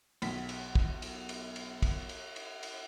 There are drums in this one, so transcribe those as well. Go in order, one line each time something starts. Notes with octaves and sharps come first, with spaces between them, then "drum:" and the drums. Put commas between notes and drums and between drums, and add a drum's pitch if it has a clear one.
B1 B6, drum: cymbal
drum: cymbal
drum: kick
drum: cymbal
drum: cymbal
drum: cymbal
drum: kick, cymbal
drum: cymbal
drum: cymbal
drum: cymbal